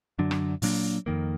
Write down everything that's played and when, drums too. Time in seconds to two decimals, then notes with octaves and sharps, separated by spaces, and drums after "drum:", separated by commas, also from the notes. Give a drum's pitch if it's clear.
0.19 F#2 D3 F#3 D4
0.31 drum: rim click
0.62 A#2 F#3 A#3 D4, drum: open hi-hat
1.06 F2 D#3 A#3